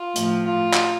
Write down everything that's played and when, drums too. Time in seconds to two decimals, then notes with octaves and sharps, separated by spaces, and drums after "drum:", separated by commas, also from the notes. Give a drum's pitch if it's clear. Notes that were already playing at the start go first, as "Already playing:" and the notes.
Already playing: F4
0.16 A2 F3, drum: hi-hat
0.44 F4
0.73 drum: clap